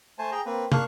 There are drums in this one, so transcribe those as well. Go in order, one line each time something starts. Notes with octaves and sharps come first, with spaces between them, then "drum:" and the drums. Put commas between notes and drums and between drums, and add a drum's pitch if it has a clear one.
A3 C5 G#5 A5
G#4 G5 A#5
A#3 C4 B4
A#3 D4 F5 C#6 F#6, drum: tom